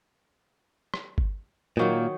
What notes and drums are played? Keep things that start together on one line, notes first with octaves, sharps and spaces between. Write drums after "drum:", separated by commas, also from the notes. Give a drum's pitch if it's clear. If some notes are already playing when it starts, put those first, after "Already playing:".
drum: rim click
drum: kick G1
A#2 D#3 F#3 A#3 D#4